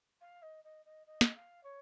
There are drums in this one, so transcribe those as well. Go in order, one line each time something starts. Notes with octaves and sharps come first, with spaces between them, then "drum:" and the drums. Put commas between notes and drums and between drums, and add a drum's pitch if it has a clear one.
F5
D#5
D#5
D#5
D#5
drum: snare
F5
C#5